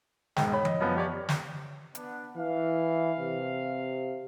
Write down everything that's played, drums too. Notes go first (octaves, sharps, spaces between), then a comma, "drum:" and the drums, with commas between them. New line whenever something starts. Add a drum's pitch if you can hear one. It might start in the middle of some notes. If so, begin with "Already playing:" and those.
E1 G#2 G5, drum: snare
C#5 B5
D#5, drum: tom E3
F#2 F3 B3
G4 C#5 D5
drum: snare
B3 D4, drum: hi-hat
E3 F5
C3